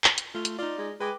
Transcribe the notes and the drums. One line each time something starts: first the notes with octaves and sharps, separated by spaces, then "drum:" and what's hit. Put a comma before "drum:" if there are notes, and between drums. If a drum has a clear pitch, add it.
drum: clap
drum: hi-hat
A3 F4
drum: hi-hat
D#4 F4 D5
G#3
G#3 B4 G5 D6